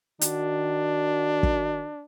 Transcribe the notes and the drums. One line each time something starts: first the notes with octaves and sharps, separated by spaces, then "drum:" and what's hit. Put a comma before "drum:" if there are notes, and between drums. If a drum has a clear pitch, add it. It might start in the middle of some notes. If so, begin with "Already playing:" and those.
D#3 D4 F#4, drum: hi-hat
drum: kick